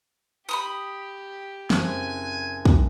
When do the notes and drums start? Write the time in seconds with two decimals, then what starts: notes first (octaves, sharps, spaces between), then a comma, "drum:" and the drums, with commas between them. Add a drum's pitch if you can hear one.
0.49 G4 B5 C6 D#6
1.70 F#1 C4 G#5 F#6, drum: snare
2.65 drum: kick